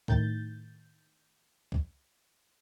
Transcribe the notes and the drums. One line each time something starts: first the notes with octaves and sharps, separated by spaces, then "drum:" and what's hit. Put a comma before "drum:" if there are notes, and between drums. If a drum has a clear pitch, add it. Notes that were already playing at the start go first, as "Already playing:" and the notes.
A2 D#3 G6 A6, drum: kick
drum: kick